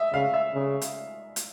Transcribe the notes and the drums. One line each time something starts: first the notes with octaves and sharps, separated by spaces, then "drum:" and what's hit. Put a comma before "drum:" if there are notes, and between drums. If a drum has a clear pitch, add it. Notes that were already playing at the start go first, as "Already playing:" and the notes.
Already playing: D#5 E5
C#3 F5
E5
C#3
drum: hi-hat
drum: hi-hat